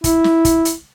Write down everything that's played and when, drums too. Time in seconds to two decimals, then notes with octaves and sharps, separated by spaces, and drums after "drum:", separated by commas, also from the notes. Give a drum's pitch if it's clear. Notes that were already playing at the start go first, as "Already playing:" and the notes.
0.04 E4, drum: kick, hi-hat
0.24 drum: snare
0.45 drum: kick, hi-hat
0.65 drum: hi-hat